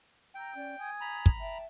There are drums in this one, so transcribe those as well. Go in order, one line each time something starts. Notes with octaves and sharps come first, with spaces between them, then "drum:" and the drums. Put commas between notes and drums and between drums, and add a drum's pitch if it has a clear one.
G5 A#5 E6
C#4 D5
G#5 D#6 G#6
A#5 B5
drum: kick
E5 G5 A5